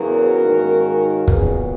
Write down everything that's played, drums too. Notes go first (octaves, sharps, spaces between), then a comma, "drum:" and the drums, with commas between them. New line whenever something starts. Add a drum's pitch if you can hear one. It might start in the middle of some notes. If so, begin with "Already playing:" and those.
Already playing: E2 C#3 F#3 F#4 A#4
G#2 D#3 A#3 C#4
A#2 F#3 B3 G#4 B4, drum: kick